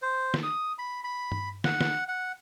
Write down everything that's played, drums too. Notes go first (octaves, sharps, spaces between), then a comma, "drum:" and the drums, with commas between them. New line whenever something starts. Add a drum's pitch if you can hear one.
C5
drum: snare
D#6
B5
B5
drum: tom G2
F#5, drum: snare
drum: snare
F#5